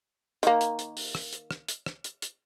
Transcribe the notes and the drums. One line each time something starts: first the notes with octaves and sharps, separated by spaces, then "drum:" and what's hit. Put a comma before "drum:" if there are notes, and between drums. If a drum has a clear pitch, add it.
D#3 A#3, drum: hi-hat
drum: hi-hat
drum: hi-hat
drum: open hi-hat
drum: rim click
drum: hi-hat
drum: rim click
drum: hi-hat
drum: rim click
drum: hi-hat
drum: hi-hat